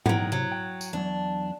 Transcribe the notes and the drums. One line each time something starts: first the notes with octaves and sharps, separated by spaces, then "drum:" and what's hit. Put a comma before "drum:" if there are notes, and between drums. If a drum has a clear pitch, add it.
D#3 F#3 F#5, drum: tom
C3 F#3
G5
drum: tambourine
E2 F#3 D4